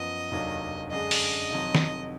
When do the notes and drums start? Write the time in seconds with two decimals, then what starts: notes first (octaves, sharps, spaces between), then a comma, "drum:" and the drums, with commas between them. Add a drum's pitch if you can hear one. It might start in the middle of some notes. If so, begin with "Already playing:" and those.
Already playing: F#2 F3 B3 D#5
0.31 F1 D#2 D#3 F#3 D4
0.91 F#2 D3 G#3 D4 G#4 D#5
1.11 drum: open hi-hat
1.51 F1 F2 D#3 F#3
1.75 drum: snare D#3